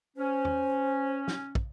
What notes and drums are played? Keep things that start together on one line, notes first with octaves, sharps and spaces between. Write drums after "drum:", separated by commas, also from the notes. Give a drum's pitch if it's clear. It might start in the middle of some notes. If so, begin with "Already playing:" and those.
C#4 C5
drum: tom E2
drum: snare
drum: kick